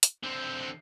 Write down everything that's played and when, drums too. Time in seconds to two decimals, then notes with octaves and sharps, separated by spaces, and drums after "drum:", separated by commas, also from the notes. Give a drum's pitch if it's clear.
0.03 drum: hi-hat
0.23 D3 C4